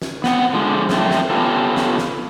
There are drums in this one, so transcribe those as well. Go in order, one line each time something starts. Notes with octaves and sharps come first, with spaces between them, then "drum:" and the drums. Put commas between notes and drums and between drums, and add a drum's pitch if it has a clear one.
drum: snare
B3 C4 F#5, drum: snare
D3 F3 G#3
F#2 A3 C4, drum: snare
drum: snare
B3 C#4 F4 G4 A4
drum: snare
drum: snare